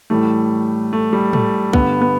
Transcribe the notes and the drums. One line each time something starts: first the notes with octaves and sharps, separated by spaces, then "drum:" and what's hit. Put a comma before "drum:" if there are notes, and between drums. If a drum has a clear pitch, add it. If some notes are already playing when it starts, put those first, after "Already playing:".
A2 E3 G3 A3
A3
G3
A3, drum: tom A2
G2 D3 G3 B3, drum: kick
B3